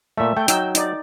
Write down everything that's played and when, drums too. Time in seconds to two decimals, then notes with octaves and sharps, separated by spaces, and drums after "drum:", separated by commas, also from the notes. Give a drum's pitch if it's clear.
0.18 A#2 A3 E5
0.37 A3 G5
0.48 F#3 D#4 G5 E6, drum: hi-hat
0.75 D#4 D5, drum: hi-hat